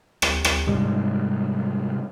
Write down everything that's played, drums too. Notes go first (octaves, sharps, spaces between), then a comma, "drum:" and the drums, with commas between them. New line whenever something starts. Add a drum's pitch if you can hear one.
drum: rim click
drum: rim click
G#2 C3 G3 G#3